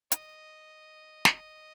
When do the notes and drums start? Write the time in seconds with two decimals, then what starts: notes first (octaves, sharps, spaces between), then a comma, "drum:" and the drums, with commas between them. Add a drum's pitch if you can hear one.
0.12 D#5, drum: hi-hat
1.25 drum: snare